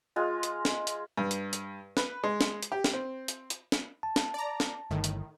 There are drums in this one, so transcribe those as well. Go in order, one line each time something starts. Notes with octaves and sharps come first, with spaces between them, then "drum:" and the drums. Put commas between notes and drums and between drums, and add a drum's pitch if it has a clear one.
G#3 F4
drum: hi-hat
drum: snare
drum: hi-hat
G2
drum: hi-hat
drum: hi-hat
B4, drum: snare
G#3
drum: snare
drum: hi-hat
G4
drum: snare
C4
drum: hi-hat
drum: hi-hat
drum: snare
A5
drum: snare
D5 A#5
drum: snare
G1 A2 D#3
drum: hi-hat